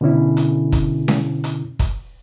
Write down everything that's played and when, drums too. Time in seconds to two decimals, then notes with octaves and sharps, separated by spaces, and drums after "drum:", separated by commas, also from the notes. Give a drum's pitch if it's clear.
0.01 B2 D3 C#4 E4
0.37 drum: hi-hat
0.72 drum: kick, hi-hat
1.08 drum: snare C#4
1.44 drum: hi-hat
1.79 drum: kick, hi-hat